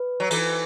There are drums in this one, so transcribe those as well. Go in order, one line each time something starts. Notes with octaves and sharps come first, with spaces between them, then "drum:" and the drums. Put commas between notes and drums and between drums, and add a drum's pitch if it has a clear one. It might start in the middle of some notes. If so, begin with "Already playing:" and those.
Already playing: B4
F#3
E3, drum: cymbal